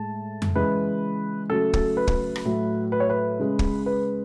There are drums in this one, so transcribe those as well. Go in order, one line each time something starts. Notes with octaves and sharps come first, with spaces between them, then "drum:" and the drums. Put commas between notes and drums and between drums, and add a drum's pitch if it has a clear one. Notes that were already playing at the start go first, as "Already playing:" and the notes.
Already playing: A2 G#3 A5
drum: tom F2
C#3 E3 G#3 B4
C#3 F#3 A3 A4
A4, drum: kick
B4
drum: kick
drum: rim click
A2 F#3 A3
B4
C#5
B4
C#3 G#3
drum: kick
B4